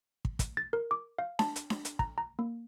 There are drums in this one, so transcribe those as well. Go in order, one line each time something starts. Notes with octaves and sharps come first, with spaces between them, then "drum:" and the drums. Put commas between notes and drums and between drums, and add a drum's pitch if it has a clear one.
drum: kick
drum: kick, hi-hat
A6
A#4
D6
F5
A5, drum: snare D4
drum: hi-hat
drum: snare D4
drum: hi-hat
A#5, drum: kick
A#5
A#3